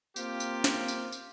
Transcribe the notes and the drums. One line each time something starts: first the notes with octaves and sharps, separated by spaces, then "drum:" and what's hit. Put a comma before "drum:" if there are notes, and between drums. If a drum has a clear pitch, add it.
A#3 C4 F4 G4, drum: tambourine
drum: tambourine
drum: snare
drum: tambourine
drum: tambourine